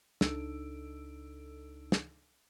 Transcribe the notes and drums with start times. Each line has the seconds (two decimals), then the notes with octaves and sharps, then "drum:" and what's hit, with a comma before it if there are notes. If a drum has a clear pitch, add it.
0.21 C#2 D4 D#4 A4 E6 D7, drum: snare
1.92 drum: snare